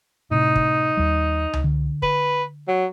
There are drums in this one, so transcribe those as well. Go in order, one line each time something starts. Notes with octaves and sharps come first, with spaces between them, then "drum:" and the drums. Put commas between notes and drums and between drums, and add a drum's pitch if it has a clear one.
A2 C3 D#4
drum: kick
D#2 G3
drum: tom C#2
D3
B4, drum: kick
F#3